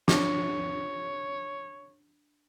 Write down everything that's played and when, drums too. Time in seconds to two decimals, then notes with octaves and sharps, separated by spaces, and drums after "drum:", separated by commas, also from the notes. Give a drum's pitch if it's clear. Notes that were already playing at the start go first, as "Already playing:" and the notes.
0.08 D4 C#5, drum: snare